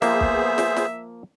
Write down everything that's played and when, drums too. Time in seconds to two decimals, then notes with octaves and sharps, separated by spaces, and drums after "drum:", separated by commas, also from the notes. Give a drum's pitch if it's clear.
0.02 F3 A#3 B3 G#4 C5 E5, drum: snare
0.21 drum: kick
0.58 drum: snare
0.77 drum: snare